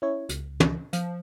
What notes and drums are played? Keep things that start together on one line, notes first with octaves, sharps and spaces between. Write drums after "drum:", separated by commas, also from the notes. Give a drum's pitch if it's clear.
C#4 E4 C#5
C#2, drum: hi-hat
drum: tom
F3 F5, drum: hi-hat